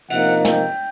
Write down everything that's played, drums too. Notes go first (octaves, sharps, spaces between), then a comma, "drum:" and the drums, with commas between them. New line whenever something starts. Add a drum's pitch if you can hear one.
C3 F3 A#3 D#4 F#5, drum: cymbal
G5, drum: snare